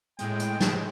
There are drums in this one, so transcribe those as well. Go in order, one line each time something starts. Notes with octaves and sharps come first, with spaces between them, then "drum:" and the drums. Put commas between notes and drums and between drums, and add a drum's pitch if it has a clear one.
A2 G#3 G5, drum: hi-hat
drum: hi-hat
drum: snare